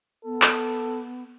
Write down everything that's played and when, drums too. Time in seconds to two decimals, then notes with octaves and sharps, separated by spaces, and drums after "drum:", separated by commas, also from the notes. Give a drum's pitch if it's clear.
0.25 B3 A4
0.42 drum: clap